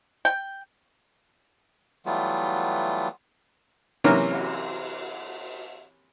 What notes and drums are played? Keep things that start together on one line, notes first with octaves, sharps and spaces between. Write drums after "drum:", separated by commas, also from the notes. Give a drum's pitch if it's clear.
G5
E3 F#3 G3 A3 B3 F4
C3 E3 F#3 A#3 C#4 A#4
drum: cymbal